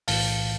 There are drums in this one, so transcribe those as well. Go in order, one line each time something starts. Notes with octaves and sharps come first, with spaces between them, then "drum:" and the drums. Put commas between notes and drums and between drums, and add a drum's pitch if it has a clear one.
B1 A2 E3 F5 A5, drum: open hi-hat